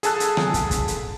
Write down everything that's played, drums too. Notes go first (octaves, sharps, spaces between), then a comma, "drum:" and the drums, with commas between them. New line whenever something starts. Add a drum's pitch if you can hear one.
G#4 A4 G#5 A5 E6 F#6, drum: hi-hat
drum: hi-hat
drum: rim click
drum: kick, hi-hat
drum: kick, hi-hat
drum: hi-hat